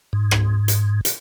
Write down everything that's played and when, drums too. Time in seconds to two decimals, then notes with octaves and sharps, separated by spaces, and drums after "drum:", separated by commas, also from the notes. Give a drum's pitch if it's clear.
0.13 G#2
0.31 drum: rim click
0.68 drum: hi-hat
1.05 drum: hi-hat